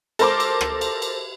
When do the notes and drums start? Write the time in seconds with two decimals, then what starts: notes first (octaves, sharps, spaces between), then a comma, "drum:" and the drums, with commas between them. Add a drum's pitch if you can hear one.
0.19 A4 A#4 C5 C6 D6, drum: cymbal
0.40 drum: cymbal
0.61 drum: rim click
0.81 drum: cymbal
1.02 drum: cymbal